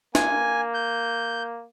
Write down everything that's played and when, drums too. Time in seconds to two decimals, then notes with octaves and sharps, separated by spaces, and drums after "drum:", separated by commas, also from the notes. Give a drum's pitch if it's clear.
0.15 A#3 G#5, drum: snare
0.74 G6